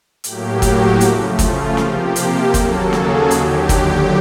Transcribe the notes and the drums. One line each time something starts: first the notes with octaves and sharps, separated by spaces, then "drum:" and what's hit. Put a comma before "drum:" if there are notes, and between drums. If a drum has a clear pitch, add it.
A2 F#3 A#3 G4, drum: hi-hat
F#4, drum: kick, hi-hat
C#3 F3 A3, drum: hi-hat
F4, drum: kick, hi-hat
C3 F3 A#3 G4, drum: snare
drum: hi-hat
D#2 C#3 F#3 A#3 A4, drum: kick, hi-hat
G#4, drum: snare
D#2 D3 F#3 G4, drum: hi-hat
drum: kick, hi-hat